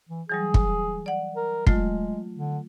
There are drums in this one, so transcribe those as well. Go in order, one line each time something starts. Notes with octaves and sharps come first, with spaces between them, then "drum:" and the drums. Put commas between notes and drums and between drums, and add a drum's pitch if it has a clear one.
E3
E3 F#3 G3 G#4
drum: kick
D5 F#5
A#4
F#3 G#3 A3 F4, drum: kick
D3